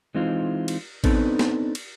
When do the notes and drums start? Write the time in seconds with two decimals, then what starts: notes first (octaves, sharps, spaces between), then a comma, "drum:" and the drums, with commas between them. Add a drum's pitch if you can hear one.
0.15 E3 G#3 C4 D#4 F4
0.68 drum: cymbal
1.04 B3 C4 D4 D#4 A4 B4, drum: kick A1, cymbal
1.39 drum: snare
1.75 drum: cymbal